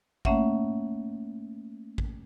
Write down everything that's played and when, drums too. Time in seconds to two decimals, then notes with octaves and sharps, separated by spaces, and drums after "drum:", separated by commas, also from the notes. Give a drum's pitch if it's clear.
0.25 A3 A#3 C#4 C#5 E5 F#5, drum: kick A1
1.98 drum: kick A1